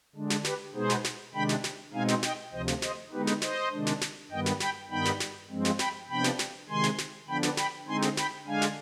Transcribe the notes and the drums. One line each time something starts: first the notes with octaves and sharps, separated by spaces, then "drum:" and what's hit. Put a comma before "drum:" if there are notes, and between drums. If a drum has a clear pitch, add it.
D3 G#3 D4
drum: snare
G4 B4, drum: snare
B2 G#3 B3 D#4 G#4 C5
drum: snare
drum: snare
C3 D#3 G#3 D4 G5 B5
drum: snare
drum: snare
B2 G#3 C4 D#4 F5 G#5
drum: snare
D#5 G5, drum: snare
D2 C3 F3 C5 D#5
drum: snare
C5 D#5, drum: snare
D3 G#3 B3 D#4 G4 B4
drum: snare
C5 D#5, drum: snare
C3 D#3 G#3 D4
drum: snare
drum: snare
G2 D#3 G3 B3 D#5 G5
drum: snare
G5 B5, drum: snare
G2 D#3 G3 B3 D#4 G5 B5
drum: snare
drum: snare
G2 F3 G#3 C4
drum: snare
G5 B5, drum: snare
C3 F3 B3 D4 G5 B5
drum: snare
drum: snare
C3 D#3 G#3 G#5 C6
drum: snare
drum: snare
D3 F3 B3 D4 G5 B5
drum: snare
G5 B5, drum: snare
D3 G#3 C4 D#4 G#5 C6
drum: snare
G5 B5, drum: snare
D3 G#3 D4 F5 G#5
drum: snare